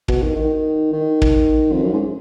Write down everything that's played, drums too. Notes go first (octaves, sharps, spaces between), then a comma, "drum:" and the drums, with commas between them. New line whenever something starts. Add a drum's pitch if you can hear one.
B2, drum: kick
D#3
D#3
D#3
drum: kick
F2
F#2
G#2